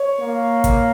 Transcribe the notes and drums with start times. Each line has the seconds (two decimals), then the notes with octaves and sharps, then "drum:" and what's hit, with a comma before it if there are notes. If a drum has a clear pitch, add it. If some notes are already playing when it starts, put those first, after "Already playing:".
Already playing: C#5
0.20 A#3
0.64 drum: kick, hi-hat